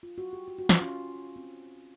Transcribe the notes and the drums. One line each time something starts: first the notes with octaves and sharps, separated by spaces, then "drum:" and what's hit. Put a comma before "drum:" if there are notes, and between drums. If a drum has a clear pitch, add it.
F4
F#4
G4
F#4
F#4
F4, drum: snare
C#4
C4